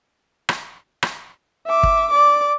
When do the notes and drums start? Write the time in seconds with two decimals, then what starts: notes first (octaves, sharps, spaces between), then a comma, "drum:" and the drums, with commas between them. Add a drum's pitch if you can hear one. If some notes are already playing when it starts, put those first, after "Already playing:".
0.49 drum: rim click
1.03 drum: rim click
1.66 E5 D6
1.83 drum: kick
2.10 D5 D6